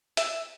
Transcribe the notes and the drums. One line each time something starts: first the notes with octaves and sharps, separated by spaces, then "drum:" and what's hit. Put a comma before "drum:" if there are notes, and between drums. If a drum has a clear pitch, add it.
E5, drum: hi-hat